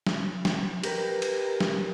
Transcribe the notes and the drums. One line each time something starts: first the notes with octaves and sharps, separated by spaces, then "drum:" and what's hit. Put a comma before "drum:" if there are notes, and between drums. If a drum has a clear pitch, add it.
drum: snare
drum: snare
G4 A#4 B4, drum: cymbal
drum: cymbal
drum: snare